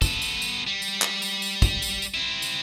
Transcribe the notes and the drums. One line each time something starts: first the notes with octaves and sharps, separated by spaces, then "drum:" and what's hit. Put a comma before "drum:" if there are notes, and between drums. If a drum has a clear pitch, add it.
B3 A4, drum: kick, tambourine
drum: tambourine
drum: tambourine
G3
drum: tambourine
drum: clap
drum: tambourine
drum: tambourine
drum: kick, tambourine
drum: tambourine
drum: tambourine
C4 E4
drum: tambourine